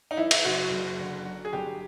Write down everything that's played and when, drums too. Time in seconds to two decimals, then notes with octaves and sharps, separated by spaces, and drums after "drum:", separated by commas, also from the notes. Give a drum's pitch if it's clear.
0.11 D#4
0.17 E3 E4
0.31 E4, drum: cymbal
0.45 F#1 F#4
0.72 F#1
0.99 D3
1.26 F#3
1.45 G#4
1.53 G1 G4